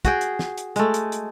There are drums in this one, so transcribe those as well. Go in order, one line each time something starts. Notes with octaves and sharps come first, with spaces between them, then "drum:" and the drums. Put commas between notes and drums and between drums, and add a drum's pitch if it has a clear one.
F#4 G#4 G5, drum: kick, hi-hat
drum: hi-hat
drum: snare
drum: hi-hat
G#3 A3, drum: hi-hat
drum: hi-hat
drum: hi-hat